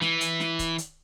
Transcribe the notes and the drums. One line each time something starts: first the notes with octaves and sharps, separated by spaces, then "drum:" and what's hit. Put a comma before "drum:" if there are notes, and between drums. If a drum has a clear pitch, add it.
E3, drum: snare
drum: hi-hat
drum: snare
drum: kick C#1, hi-hat
drum: hi-hat